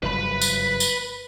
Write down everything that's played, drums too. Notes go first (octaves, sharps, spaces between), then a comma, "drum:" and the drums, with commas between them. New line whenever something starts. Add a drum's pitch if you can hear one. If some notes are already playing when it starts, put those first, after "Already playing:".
F#1 G2 F3 B4 B5
drum: tambourine
drum: tambourine